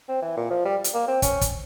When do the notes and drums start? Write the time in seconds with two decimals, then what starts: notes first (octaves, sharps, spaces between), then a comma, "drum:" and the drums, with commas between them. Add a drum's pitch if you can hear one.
0.09 C4
0.22 E3
0.37 A#2
0.50 F3
0.65 G3
0.84 drum: hi-hat
0.94 A#3
1.08 C4
1.22 C#4, drum: kick, hi-hat
1.41 drum: kick, hi-hat